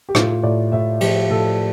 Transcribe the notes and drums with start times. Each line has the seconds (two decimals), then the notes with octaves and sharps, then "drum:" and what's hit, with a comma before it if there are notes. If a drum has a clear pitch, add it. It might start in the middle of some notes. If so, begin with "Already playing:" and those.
0.09 G4
0.15 A2 F4, drum: rim click
0.43 A2 D5
0.72 A2 E5
1.01 F3 G4, drum: cymbal
1.30 A2 A4